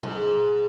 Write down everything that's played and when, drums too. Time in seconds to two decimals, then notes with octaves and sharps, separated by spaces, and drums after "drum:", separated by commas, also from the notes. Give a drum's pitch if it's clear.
0.03 G#2, drum: tom A#2